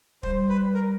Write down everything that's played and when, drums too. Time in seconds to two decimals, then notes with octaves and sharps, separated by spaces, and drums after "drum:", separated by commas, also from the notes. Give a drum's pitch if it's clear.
0.23 G3 C5, drum: kick
0.49 B4
0.74 A#4